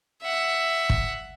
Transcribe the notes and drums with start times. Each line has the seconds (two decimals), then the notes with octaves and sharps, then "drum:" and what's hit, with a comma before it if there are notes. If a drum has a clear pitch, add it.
0.22 E5 F#5
0.90 drum: kick